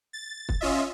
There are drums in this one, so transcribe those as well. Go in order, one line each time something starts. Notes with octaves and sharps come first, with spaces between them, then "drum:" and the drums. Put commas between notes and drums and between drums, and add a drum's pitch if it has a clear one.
A6
drum: kick
C#4 F4 D#5 E5